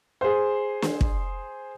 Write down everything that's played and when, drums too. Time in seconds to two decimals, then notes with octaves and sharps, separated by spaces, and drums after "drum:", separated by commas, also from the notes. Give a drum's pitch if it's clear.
0.21 G#4 C5
0.82 drum: snare
1.01 drum: kick